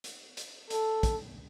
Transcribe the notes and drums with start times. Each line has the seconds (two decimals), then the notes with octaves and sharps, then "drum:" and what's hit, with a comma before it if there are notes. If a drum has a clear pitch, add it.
0.04 drum: hi-hat
0.37 drum: hi-hat
0.70 A4, drum: hi-hat
1.03 drum: kick, hi-hat